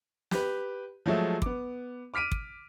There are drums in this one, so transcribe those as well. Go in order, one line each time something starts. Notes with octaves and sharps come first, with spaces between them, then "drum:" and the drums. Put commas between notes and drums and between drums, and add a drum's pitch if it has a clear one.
G4 B4, drum: snare
F3 F#3 G#3 A3
B3 D6, drum: kick
D6 F6 B6 D7 D#7
drum: kick